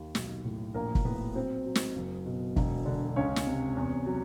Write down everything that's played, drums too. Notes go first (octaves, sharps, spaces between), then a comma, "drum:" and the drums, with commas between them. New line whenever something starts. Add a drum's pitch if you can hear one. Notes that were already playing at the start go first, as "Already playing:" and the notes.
Already playing: D#2
B1, drum: snare
A2
A#1 A#3 A#4
drum: kick
A2 B3 B4
F#3 C4 C5
F#3
drum: snare
F#1
B2
E1, drum: kick
D3
C#2 C#4 C#5
drum: snare
C3
E2
F#3